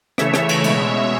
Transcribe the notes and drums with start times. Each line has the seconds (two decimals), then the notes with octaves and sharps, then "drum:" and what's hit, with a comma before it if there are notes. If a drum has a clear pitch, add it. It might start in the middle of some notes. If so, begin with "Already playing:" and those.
0.18 C#3 E3 A3 C#5 E5, drum: rim click
0.34 drum: rim click
0.49 drum: cymbal
0.64 B2 G#3, drum: cymbal